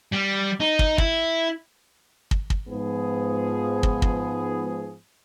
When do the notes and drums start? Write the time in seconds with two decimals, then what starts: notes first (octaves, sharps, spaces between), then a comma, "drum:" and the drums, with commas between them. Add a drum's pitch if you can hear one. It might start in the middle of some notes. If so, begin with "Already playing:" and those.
0.13 G3
0.60 D#4
0.79 drum: kick
0.98 E4, drum: kick
2.31 drum: kick
2.50 drum: kick
2.68 G#2 F3 B3 G#4
3.83 drum: kick
4.02 drum: kick